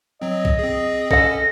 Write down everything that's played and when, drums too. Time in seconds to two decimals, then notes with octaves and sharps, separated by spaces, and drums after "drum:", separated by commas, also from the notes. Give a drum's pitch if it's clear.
0.22 F#3 C4 D#5
0.45 drum: kick B1
0.59 C4 G#4
1.11 C#4 A4 F#5 A#6, drum: kick B1